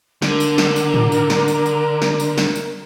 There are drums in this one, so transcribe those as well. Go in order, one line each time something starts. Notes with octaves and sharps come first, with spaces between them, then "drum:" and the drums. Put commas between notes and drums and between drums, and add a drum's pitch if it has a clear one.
D3 D4 A#4, drum: snare
drum: tambourine
drum: snare
drum: tambourine
drum: tom A2
drum: tambourine
drum: snare
drum: tambourine
drum: tambourine
drum: snare
drum: tambourine
drum: snare
drum: tambourine